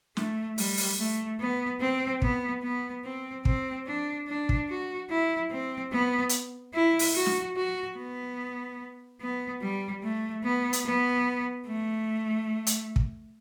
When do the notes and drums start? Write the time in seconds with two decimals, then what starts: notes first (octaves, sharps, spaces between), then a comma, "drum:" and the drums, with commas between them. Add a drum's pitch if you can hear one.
0.17 A3, drum: snare
0.58 G3, drum: open hi-hat
0.77 drum: open hi-hat
0.99 A3
1.40 B3
1.81 C4
2.22 B3, drum: kick
2.63 B3
3.05 C4
3.45 C4, drum: kick
3.86 D4
4.28 D4
4.49 drum: kick
4.69 F#4
5.09 E4
5.51 C4
5.92 B3
6.29 drum: hi-hat
6.74 E4
6.99 drum: open hi-hat
7.15 F#4
7.26 drum: snare
7.56 F#4
7.97 B3
9.21 B3
9.62 G3
10.03 A3
10.44 B3
10.73 drum: hi-hat
10.85 B3
11.67 A3
12.67 drum: hi-hat
12.96 drum: kick